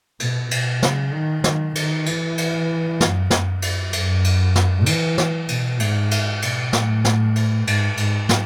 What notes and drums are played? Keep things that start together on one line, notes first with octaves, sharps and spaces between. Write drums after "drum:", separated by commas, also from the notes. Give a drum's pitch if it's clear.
B2, drum: cymbal
B2, drum: cymbal
C#3, drum: snare
D#3
D#3, drum: snare
D#3, drum: cymbal
E3, drum: cymbal
drum: cymbal
F#2, drum: snare
F#2, drum: snare
drum: cymbal
F#2, drum: cymbal
drum: cymbal
drum: snare
E3, drum: cymbal
drum: snare
B2, drum: cymbal
G#2, drum: cymbal
drum: cymbal
B2, drum: cymbal
A2, drum: snare
drum: snare
drum: cymbal
G#2, drum: cymbal
G#2, drum: cymbal
drum: snare